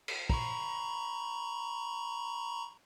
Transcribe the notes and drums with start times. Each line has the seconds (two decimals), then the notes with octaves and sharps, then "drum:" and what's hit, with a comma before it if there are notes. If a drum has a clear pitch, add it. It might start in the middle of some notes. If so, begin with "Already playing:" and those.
0.08 drum: cymbal
0.30 A#5 B5 C#6, drum: kick